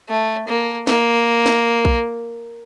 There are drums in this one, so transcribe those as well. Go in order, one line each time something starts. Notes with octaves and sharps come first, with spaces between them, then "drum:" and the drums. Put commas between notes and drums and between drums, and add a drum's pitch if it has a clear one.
A3
A#3
A#3, drum: snare
drum: snare
drum: kick B1